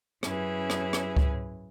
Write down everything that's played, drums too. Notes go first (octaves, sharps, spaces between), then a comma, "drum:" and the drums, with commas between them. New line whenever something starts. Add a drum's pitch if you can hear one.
F#2 C#4 E4 G#4 B4, drum: rim click
drum: rim click
drum: rim click
drum: kick C#2